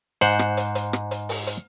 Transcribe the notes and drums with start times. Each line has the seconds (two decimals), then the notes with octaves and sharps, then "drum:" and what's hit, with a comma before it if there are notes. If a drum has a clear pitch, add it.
0.21 G#2 C5 F#5, drum: hi-hat
0.39 drum: rim click
0.57 drum: hi-hat
0.75 drum: hi-hat
0.93 drum: rim click
1.11 drum: hi-hat
1.29 drum: open hi-hat
1.47 drum: hi-hat